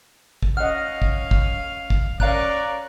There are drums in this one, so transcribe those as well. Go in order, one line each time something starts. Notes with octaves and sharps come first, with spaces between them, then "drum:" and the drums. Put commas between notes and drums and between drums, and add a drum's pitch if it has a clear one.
drum: kick
C#4 D#5 F5 F#5 F6
drum: kick
drum: kick
drum: kick
C#4 A#4 C#5 D5 F5 A#5 F#6, drum: kick